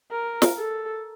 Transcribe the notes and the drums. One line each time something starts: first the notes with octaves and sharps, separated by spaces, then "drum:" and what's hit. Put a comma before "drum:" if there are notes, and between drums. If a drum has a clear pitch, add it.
A#4
drum: snare
A4